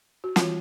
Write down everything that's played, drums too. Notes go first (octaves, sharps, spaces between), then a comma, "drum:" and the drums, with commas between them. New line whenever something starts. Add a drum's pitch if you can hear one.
F#4
E3 G3 C4 F4, drum: snare